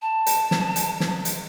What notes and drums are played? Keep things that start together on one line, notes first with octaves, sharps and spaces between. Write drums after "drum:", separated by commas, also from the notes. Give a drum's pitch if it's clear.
A5
drum: hi-hat
drum: snare
drum: hi-hat
drum: snare
drum: hi-hat